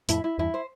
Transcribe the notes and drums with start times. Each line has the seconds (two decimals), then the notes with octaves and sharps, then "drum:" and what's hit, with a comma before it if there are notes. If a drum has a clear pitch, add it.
0.09 F2 A2 E4, drum: hi-hat
0.24 E4
0.38 E2 G2 E4
0.54 C5